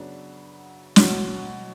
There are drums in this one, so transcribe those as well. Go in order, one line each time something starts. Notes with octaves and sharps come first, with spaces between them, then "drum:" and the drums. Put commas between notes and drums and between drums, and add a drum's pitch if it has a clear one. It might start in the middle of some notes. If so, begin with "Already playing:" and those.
Already playing: F#2 C#3 F#3 B3 D4
B2 F#3 C#4, drum: snare